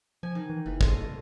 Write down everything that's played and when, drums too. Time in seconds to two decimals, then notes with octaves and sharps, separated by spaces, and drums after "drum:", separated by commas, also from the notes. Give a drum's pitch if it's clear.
0.23 F3 G#5
0.35 D#3
0.50 E3
0.66 F#1 E3
0.81 A4 D#5 C6, drum: kick